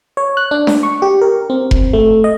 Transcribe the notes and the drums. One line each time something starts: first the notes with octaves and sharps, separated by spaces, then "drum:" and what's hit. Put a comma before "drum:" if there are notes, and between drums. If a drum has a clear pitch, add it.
C#5
F#6
D4
drum: snare D4
C#6
G4
A#4
C4
drum: kick F1
A3
D#5